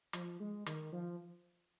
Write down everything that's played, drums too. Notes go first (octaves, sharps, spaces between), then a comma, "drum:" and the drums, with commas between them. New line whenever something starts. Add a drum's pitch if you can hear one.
F3, drum: hi-hat
G#3
D#3, drum: hi-hat
F3